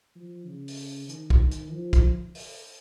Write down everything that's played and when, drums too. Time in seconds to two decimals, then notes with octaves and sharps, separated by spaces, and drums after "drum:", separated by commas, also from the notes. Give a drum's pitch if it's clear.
0.15 F3
0.47 C#3
0.68 drum: open hi-hat
1.09 D#3, drum: hi-hat
1.30 drum: kick
1.51 drum: hi-hat
1.72 F3
1.93 drum: kick, hi-hat
2.35 drum: open hi-hat